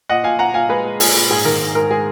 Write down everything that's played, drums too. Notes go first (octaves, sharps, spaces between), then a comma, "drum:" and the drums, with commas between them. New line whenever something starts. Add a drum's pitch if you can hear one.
A#2 D#5 F#5
A#2 F5 G#5
A#2 F#5 A#5
A#2 F5 G#5
G#3 G#4 B4
G#3
A#2 G#4, drum: open hi-hat
A#2
G#2 G#4
D#3 A#4
G#2
G#2 A#4
G#3 G#4